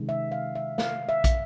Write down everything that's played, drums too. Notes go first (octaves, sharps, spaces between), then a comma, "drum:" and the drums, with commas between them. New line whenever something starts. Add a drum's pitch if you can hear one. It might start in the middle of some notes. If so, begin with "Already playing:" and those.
Already playing: C3 D#3 G#3 C#4
E5
F5
E5
F5, drum: snare
E5
drum: kick, hi-hat